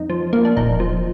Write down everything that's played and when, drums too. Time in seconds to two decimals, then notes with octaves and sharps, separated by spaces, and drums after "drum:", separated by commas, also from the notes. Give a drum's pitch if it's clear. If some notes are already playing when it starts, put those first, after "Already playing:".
Already playing: F2 D#4
0.10 F3
0.33 A#3
0.45 D4
0.57 A#1 D#4, drum: kick E1
0.80 F3